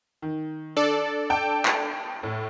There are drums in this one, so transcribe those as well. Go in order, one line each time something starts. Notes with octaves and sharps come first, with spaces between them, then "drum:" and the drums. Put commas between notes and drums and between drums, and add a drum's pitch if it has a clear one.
D#3
D4 A4 D5
G5 A5
drum: clap
A2